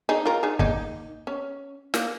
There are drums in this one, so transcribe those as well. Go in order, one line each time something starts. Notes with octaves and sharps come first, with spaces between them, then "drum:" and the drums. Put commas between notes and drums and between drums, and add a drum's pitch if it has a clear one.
D#4 G#4
F4 A#4
D#4 G#4
A#3 D#4, drum: kick
C#4
A#3, drum: snare